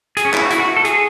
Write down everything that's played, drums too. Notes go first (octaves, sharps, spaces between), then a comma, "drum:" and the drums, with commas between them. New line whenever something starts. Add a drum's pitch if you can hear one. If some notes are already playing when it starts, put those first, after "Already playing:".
G#4, drum: hi-hat
C#4
E4, drum: clap
F#4
E4, drum: hi-hat
F#4
A4
G#4, drum: hi-hat